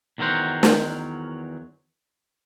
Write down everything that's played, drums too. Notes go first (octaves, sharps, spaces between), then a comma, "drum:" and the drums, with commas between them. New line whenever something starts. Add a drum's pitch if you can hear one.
E2 D#3 F#3 A#4 C5 F#5
drum: snare